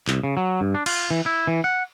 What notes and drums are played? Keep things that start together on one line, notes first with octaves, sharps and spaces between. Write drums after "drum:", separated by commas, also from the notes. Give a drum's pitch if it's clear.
C2, drum: clap
C#3
F#3
G2
D4
F4, drum: cymbal
E3
E4
E3
F#5